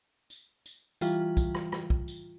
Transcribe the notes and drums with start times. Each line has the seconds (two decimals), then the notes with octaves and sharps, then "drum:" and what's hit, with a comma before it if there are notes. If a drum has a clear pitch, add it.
0.30 drum: tambourine
0.66 drum: tambourine
1.01 E3 G3 F4, drum: tambourine
1.37 drum: kick, tambourine
1.55 drum: rim click
1.72 drum: rim click
1.90 drum: kick
2.08 drum: tambourine